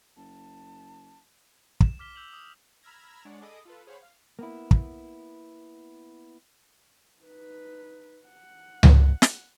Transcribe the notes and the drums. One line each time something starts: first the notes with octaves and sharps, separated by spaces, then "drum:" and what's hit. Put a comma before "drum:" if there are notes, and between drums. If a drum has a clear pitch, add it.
F#1 A5
E7, drum: kick
D6 F6 B6 G7
E6 G6 F7 F#7
D#6
A#5 B5 E6 F6 G#6 A#6
G#3 D4 C#5 D5 F#5
G#4 A4 D#5 B5 D6 D#6
F4 A4 B4
G#4 C5 C#5 F5 F#5 B5
F5
A#3 B3 E4
drum: kick
D#4 B4
F#5
drum: tom C#2
drum: snare